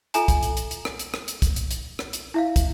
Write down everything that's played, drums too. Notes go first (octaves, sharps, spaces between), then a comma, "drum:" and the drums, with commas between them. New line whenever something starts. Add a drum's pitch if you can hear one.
F4 A4 E5 G#5 A#5, drum: hi-hat
drum: kick, hi-hat
drum: hi-hat
drum: hi-hat
drum: hi-hat
drum: rim click
drum: hi-hat
drum: rim click
drum: hi-hat
drum: kick, hi-hat
drum: hi-hat
drum: hi-hat
drum: rim click
drum: hi-hat
E4 E5 F5
drum: kick, hi-hat